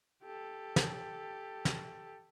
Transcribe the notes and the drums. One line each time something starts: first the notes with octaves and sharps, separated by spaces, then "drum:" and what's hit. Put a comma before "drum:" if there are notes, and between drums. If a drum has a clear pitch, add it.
G4 A4
drum: snare
drum: snare